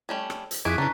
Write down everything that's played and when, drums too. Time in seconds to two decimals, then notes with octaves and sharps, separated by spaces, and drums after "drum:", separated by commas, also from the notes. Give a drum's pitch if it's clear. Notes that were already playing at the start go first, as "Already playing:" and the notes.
0.09 G3 A3 C#4
0.30 drum: rim click
0.51 drum: hi-hat
0.65 F2 E4 G#4 C#6 D6 F#6 B6
0.78 C#3 E3 D4 A#5